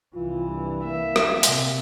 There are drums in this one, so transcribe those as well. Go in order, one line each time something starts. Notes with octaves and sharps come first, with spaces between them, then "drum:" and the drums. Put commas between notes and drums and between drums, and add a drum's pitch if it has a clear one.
C2 E3 F4
G2
A#3 E5
drum: rim click
C3, drum: hi-hat